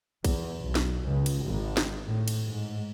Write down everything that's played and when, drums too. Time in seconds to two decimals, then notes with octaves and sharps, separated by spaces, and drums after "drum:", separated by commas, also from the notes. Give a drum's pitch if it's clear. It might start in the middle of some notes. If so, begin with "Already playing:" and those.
0.25 E2, drum: kick, cymbal
0.61 B1
0.75 drum: snare
1.05 C#2
1.26 drum: cymbal
1.44 G#1
1.77 drum: snare
2.06 A2
2.28 drum: cymbal
2.48 G#2